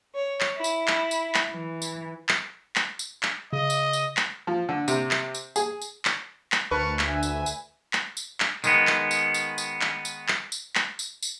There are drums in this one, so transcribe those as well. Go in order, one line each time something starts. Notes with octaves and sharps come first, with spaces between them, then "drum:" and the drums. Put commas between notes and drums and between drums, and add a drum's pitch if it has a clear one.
C#5
drum: clap
E4
drum: tambourine
drum: clap
drum: tambourine
drum: clap
E3
drum: tambourine
drum: clap
drum: clap
drum: tambourine
drum: clap
C#3 D#5
drum: tambourine
drum: tambourine
drum: clap
F3
D3
C3, drum: tambourine
drum: clap
drum: tambourine
G#4, drum: tambourine
drum: tambourine
drum: clap
drum: clap
D2 A#4 B4 A5 C#6
drum: clap
E5 G#5
drum: tambourine
drum: tambourine
drum: clap
drum: tambourine
drum: clap
D#3 G#3 B3, drum: tambourine
drum: clap
drum: tambourine
drum: tambourine
drum: tambourine
drum: clap
drum: tambourine
drum: clap
drum: tambourine
drum: clap
drum: tambourine
drum: tambourine